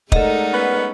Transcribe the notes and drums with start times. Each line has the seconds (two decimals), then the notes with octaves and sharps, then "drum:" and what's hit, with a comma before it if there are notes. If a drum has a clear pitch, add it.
0.12 G#3 A3 D#4 A4 A#4 D5 D#5 F#5, drum: kick
0.52 B3 C#4 B4